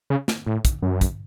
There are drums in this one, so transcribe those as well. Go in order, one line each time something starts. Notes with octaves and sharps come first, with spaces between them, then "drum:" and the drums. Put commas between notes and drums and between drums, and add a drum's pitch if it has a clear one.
C#3
drum: snare
A2
drum: kick, hi-hat
F#2
drum: kick, hi-hat